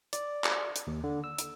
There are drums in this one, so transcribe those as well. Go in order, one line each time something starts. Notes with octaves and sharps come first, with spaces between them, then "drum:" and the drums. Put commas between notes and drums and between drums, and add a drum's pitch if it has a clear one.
D5, drum: hi-hat
drum: clap
drum: hi-hat
D#2
D3
E6
drum: hi-hat